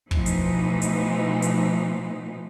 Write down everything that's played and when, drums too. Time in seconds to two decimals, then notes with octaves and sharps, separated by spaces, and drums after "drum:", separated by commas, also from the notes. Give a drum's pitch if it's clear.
0.11 B2 E3 F3 A3 D#4, drum: kick
0.26 drum: hi-hat
0.82 drum: hi-hat
1.42 drum: hi-hat